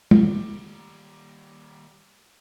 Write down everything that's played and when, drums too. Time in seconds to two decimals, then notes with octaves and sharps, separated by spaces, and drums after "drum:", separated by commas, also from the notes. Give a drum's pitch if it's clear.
0.11 D#2 G3, drum: tom